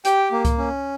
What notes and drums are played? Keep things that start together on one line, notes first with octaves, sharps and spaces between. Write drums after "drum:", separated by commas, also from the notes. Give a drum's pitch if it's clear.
G4 G5, drum: hi-hat
A#3
drum: kick C#2, hi-hat
C#4